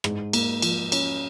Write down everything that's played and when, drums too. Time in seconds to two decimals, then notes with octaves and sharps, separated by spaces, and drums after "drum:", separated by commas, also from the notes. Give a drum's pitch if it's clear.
0.04 G#2, drum: rim click
0.33 A#3, drum: cymbal
0.62 F3, drum: cymbal
0.92 C#4, drum: cymbal